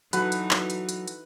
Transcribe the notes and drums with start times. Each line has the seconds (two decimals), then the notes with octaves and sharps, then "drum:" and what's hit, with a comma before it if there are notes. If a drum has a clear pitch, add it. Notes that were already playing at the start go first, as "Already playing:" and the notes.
0.13 E3 F#3 D#4 F#4 A4 B4, drum: hi-hat
0.32 drum: hi-hat
0.51 drum: clap
0.70 drum: hi-hat
0.89 drum: hi-hat
1.08 drum: hi-hat